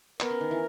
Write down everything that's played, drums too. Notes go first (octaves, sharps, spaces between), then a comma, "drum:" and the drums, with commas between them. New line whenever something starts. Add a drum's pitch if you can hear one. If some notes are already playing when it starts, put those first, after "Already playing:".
B3 A#4, drum: clap
C#4
D#3
E3